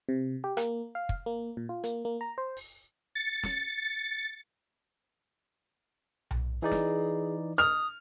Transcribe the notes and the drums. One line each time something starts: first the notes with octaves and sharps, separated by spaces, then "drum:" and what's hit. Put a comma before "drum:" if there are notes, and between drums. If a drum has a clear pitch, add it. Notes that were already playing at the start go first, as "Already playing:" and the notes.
C3
G4
A#3, drum: rim click
F5
drum: kick
A#3
A#2
F4
A#3, drum: hi-hat
A#3
A#5
C5
drum: open hi-hat
A6 C#7
drum: snare
drum: tom B1
E3 D#4 G#4 D5
drum: snare
D#6 F6 F7